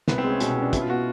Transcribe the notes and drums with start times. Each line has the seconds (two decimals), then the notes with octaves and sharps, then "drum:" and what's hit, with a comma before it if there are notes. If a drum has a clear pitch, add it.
0.08 C2 B3, drum: snare
0.18 C4
0.24 G#3
0.30 C#4
0.40 B2 C#4, drum: hi-hat
0.51 C4
0.57 C#4
0.62 D4
0.73 B2 E4, drum: kick, hi-hat
0.82 F4
0.90 B3 F#4